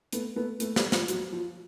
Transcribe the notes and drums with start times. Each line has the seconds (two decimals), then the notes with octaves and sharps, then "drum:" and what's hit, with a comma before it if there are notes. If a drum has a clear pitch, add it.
0.13 A3 B3, drum: hi-hat
0.36 A3 B3
0.60 A3 B3, drum: hi-hat
0.76 G3 A3, drum: snare
0.92 F3 G3, drum: snare
1.08 F#3, drum: hi-hat
1.32 F3